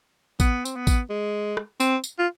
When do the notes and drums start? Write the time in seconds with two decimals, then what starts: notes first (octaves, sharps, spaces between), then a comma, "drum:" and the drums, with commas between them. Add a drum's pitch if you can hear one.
0.40 B3, drum: kick, tambourine
0.65 C4, drum: tambourine
0.76 B3
0.87 drum: kick, tambourine
1.10 G#3
1.57 drum: rim click
1.80 C4, drum: tambourine
2.04 drum: tambourine
2.19 F4